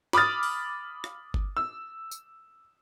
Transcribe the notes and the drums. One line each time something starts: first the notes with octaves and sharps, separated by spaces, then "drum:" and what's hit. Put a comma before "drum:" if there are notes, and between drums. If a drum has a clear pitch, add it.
B5 D6 D#6 F6 A6, drum: snare
drum: open hi-hat
drum: rim click
drum: kick G1
E6
drum: tambourine